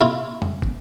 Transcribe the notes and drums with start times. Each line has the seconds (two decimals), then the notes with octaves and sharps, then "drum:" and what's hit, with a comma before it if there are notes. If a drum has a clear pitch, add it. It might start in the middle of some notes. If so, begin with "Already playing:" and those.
0.01 E4 F4
0.42 drum: tom F2
0.62 drum: kick